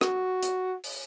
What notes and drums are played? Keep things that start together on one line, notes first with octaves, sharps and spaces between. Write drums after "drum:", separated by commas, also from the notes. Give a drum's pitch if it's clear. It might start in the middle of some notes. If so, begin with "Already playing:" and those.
F#4, drum: rim click
drum: hi-hat
drum: open hi-hat